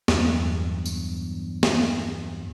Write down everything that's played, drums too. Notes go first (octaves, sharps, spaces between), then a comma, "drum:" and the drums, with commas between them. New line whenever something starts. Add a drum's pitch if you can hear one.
E2 G2 F#3, drum: snare B3
drum: tambourine
drum: snare B3